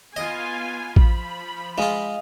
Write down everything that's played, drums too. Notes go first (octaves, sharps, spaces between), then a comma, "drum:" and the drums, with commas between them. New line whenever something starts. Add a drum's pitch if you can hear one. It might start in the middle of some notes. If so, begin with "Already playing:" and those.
B3 F4 D#5 G#5
F3 B5, drum: kick A1
G#3 F4 D#5 F5